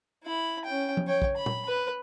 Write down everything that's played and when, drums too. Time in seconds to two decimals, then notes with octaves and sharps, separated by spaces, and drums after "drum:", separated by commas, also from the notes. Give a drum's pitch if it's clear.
0.24 E4 B5
0.65 C#4 G5
0.97 drum: tom F3
1.07 C#5 G5
1.22 drum: kick
1.36 B5
1.46 drum: tom A#2
1.68 B4